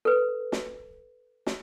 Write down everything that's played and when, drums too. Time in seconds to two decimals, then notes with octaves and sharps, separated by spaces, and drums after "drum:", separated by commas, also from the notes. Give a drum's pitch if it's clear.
0.05 A4 B4
0.52 drum: snare
1.47 drum: snare